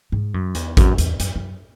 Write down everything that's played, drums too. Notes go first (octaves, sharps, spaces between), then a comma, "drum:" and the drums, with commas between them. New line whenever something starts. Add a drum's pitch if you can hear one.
G#2
F#2
E2, drum: hi-hat
F#2, drum: kick A1, hi-hat
E2, drum: hi-hat
F#2, drum: hi-hat
F#2